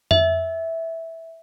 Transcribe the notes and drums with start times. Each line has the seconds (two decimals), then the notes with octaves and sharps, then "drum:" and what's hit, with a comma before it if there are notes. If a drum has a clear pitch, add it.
0.11 E5, drum: tom F2